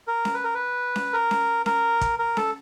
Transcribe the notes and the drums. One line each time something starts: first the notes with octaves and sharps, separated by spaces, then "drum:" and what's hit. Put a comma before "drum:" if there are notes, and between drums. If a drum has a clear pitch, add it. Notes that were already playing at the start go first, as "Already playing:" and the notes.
A#4
drum: snare C#4
B4
A#4
B4
drum: snare C#4
A#4
drum: snare C#4
A#4, drum: snare C#4
drum: kick, hi-hat
A#4
A4, drum: snare C#4